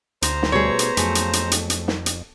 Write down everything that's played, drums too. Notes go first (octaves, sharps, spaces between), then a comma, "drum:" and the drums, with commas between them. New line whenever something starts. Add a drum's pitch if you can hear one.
D2 C5 A#5, drum: hi-hat
drum: snare
B2 G3 A3 G#4 C#5
drum: hi-hat
F2 F#3 A3 G#4, drum: hi-hat
drum: hi-hat
drum: hi-hat
drum: hi-hat
drum: hi-hat
drum: snare
drum: hi-hat